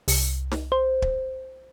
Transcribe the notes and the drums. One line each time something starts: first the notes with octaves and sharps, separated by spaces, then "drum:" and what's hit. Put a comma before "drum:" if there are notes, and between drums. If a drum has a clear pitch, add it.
C2, drum: open hi-hat
drum: snare
C5
drum: kick